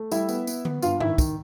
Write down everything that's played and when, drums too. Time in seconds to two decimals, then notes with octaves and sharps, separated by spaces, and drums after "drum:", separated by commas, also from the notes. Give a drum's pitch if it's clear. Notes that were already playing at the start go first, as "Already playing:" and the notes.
Already playing: A3
0.12 G3 E4 E5, drum: tambourine
0.29 B3, drum: tambourine
0.47 B3, drum: tambourine
0.65 B3, drum: tom D3
0.82 G2 F4 F5, drum: tambourine
1.00 D#3 E4 E5, drum: tom G#2
1.18 D#3, drum: kick, tambourine